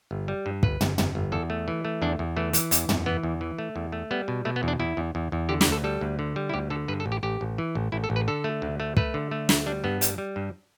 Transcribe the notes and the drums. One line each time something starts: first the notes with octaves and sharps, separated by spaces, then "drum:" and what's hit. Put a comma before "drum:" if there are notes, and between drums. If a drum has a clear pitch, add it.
G1
G3
G2
G1 B4, drum: kick
G1, drum: tom
G1, drum: tom
G1
E2 A4
A3
E3
A3
E2 D4
E2
E3 A3
E3, drum: hi-hat
E2, drum: hi-hat
E2, drum: tom
E3 B3
E2
E3
A3
E2
A3
G3 B3
B2
B2 A3
B3
E2
D4
E2 E4
E2
E2
E2
D3 G4
G4, drum: snare
D2
A4
G3 A4
D2
D3
G3
E4
D2 G4
D3 A4
G2 B4
A4
A1
G4
A1 G4
A1
E3
A1
A1 E4
A4
A1
B4
D3 A4
A3
D2
A3
A3 B4, drum: kick
D3
A3
D2, drum: snare
G3 D4
G2 B3
G3, drum: hi-hat
G3
G2